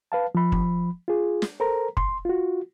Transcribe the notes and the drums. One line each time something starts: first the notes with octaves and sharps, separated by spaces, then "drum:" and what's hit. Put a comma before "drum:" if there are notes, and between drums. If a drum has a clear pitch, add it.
B4 F5 A5
F3 B5
drum: kick
F4 G#4
drum: snare
A4 A#4 C5 A#5
C6, drum: kick
F4 F#4